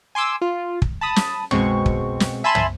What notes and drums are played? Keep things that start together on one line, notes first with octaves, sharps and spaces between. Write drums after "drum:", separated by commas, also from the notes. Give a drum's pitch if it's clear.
G#5 C6 D6 E6
F4
drum: kick
A5 B5 D#6
drum: snare
B2 G#3 C4 C#6, drum: tom
drum: kick
drum: snare
E5 G#5 A5 B5 C6 E7
drum: tom